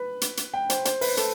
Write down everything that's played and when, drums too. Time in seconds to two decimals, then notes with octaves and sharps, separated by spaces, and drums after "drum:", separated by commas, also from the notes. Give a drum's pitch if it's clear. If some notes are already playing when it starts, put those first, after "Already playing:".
Already playing: B4
0.21 drum: hi-hat
0.37 drum: hi-hat
0.54 G5
0.70 C5, drum: hi-hat
0.85 C5, drum: hi-hat
1.01 B4, drum: open hi-hat
1.17 A4, drum: hi-hat